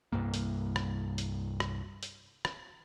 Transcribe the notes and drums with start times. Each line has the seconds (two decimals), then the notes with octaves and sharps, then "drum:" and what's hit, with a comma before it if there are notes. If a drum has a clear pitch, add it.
0.13 C2 G2 A#3
0.34 drum: hi-hat
0.76 drum: rim click
1.18 drum: hi-hat
1.60 drum: rim click
2.03 drum: hi-hat
2.45 drum: rim click